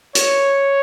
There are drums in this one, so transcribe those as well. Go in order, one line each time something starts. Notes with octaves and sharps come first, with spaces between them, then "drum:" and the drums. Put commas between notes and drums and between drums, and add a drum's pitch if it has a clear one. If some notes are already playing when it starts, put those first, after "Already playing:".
C#5, drum: hi-hat